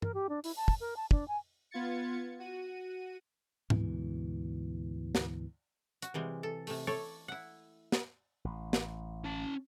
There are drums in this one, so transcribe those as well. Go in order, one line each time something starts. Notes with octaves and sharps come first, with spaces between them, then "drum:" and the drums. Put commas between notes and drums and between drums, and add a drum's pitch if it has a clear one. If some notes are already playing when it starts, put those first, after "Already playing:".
A#4, drum: tom G2
G4
D4
E4, drum: open hi-hat
A5
drum: kick
A#4
A5
D4, drum: kick
G#5
B3 F4 G#6 A6 C#7
F#4 D#7
D2 G#2 B2 E3, drum: tom G#2
drum: snare
F#4, drum: hi-hat
C3 E3 G3 G#3
A4
C3 A3, drum: open hi-hat
A3 A4 C#5 D5 A5
E4 F#5
drum: snare
A1
drum: snare
C#4 A5